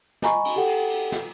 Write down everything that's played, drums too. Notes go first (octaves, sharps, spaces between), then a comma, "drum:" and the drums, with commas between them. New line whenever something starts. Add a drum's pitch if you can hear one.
D#5 G#5 A#5 B5 C#6, drum: snare
drum: cymbal
G4 A4 F#5 G5
drum: cymbal
drum: cymbal
drum: snare